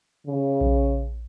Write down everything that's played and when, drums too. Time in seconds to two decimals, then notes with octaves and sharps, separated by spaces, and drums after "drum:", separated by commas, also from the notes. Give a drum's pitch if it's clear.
0.27 C#3
0.61 drum: kick A#1